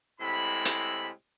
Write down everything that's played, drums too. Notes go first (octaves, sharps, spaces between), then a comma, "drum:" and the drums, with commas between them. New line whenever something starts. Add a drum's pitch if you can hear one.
A2 C3 G#3 B5
drum: hi-hat